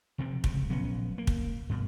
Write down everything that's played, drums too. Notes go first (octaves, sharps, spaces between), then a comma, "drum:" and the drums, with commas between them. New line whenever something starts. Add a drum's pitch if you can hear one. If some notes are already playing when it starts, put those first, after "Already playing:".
F1 C3 F3 C4
C#2 C3, drum: kick
A#1 F#3 B3 C#4
A#3
drum: kick
G2 B2